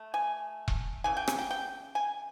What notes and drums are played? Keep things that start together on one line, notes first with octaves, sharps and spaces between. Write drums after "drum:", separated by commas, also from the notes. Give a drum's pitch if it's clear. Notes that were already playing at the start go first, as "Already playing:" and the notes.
Already playing: A3
G#5
drum: kick E1
C#3 E3 G#5
G5
G#5, drum: rim click
G5
G5
G#5